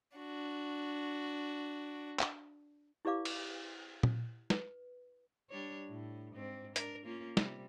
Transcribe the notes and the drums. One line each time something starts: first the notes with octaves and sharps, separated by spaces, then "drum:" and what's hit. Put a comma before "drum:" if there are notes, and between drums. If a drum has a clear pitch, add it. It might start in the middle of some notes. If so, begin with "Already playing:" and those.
D4 F#4
drum: clap
E4 G4 B4 D5 F5 D6
drum: cymbal
drum: tom
B4, drum: snare
G3 D4 C#5
A2
G#2 C4
D4 A#4, drum: hi-hat
A#3 C#4 F4
C3 G3, drum: snare